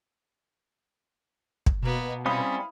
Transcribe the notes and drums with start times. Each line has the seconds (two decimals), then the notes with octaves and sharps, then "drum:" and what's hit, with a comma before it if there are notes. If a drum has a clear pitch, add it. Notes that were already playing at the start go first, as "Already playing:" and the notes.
1.66 drum: kick
1.83 B2 A#3 B3
2.26 G3 C4 C#4 E4 F5 B5 D#6